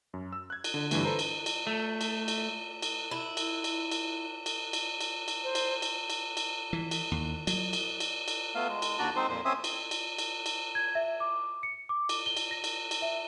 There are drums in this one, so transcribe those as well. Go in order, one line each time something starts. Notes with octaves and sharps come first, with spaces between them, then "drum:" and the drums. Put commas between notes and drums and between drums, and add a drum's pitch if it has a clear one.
F#2
E6
F#6 G#6
drum: cymbal
D3
G2 D3 E3 A3, drum: cymbal
A4 B4 C5 A#5
drum: cymbal
drum: cymbal
A3
drum: cymbal
drum: cymbal
drum: cymbal
E4
drum: cymbal
drum: cymbal
drum: cymbal
drum: cymbal
drum: cymbal
drum: cymbal
drum: cymbal
C5
drum: cymbal
drum: cymbal
drum: cymbal
drum: cymbal
E3
drum: cymbal
D#2
F#3, drum: cymbal
drum: cymbal
drum: cymbal
drum: cymbal
A3 B3 F5
G#3
drum: cymbal
D#2 D4 F#4 D5 A#5
G#3 C4 D#4 C5
F2 A#2 C5
C4 C#4 C5 E5 D#6
drum: cymbal
drum: cymbal
drum: cymbal
drum: cymbal
G#6
E5
D6
C#7
D6
drum: cymbal
G7
drum: cymbal
A#6
drum: cymbal
drum: cymbal
E5